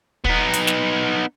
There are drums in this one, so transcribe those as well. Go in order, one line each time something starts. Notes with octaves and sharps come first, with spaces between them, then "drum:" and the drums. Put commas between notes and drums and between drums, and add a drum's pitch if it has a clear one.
B3 D#4, drum: kick
drum: hi-hat
drum: snare